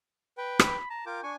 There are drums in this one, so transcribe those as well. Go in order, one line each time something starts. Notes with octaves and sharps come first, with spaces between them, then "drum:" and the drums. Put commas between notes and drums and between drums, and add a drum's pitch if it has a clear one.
B4 G5
B5, drum: rim click
A5 A#5
F4 A#4 G5 D6
D4 G#5 C#6